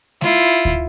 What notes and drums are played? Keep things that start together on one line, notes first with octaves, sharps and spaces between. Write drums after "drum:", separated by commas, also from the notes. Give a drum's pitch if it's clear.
E4 F4, drum: snare G#3
drum: kick D2